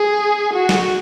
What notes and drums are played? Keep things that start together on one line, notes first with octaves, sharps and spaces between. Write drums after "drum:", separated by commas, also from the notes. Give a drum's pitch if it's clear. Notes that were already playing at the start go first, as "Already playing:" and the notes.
Already playing: G#4
F#4
drum: snare